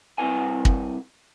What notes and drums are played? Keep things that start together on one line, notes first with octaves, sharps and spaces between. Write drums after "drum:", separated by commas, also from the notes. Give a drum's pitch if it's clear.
C2 C#3 C4 E4 B4 G#5
drum: kick